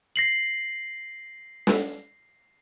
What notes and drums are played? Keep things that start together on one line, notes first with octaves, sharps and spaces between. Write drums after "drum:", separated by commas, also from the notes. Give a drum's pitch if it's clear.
A#6 C7 F#7
drum: snare